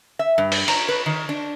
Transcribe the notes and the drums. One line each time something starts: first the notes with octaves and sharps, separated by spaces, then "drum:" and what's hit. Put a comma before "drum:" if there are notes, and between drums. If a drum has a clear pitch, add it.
E5
G2
drum: open hi-hat
A#5, drum: cymbal
B4
D#3
D4